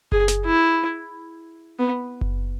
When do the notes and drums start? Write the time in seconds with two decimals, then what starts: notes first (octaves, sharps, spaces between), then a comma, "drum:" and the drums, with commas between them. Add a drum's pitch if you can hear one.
0.12 G#4, drum: kick F#1
0.28 drum: snare
0.45 E4
1.79 B3
2.21 drum: kick F#1